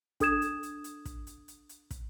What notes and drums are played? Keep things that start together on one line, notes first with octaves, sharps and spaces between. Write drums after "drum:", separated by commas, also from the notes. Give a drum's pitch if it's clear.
D4 A4 D#6 G#6 E7, drum: kick, hi-hat
drum: hi-hat
drum: hi-hat
drum: hi-hat
drum: kick, hi-hat
drum: hi-hat
drum: hi-hat
drum: hi-hat
drum: kick, hi-hat